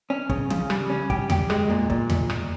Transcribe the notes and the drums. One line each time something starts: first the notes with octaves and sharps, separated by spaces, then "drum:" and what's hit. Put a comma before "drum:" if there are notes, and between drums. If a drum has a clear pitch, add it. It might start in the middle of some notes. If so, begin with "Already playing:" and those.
C#4
C#3, drum: kick
C#3, drum: tom
G3, drum: rim click
C#4
G4, drum: kick
G4, drum: tom E2
G#3, drum: rim click
A#2
A#2, drum: kick
drum: tom E2
drum: rim click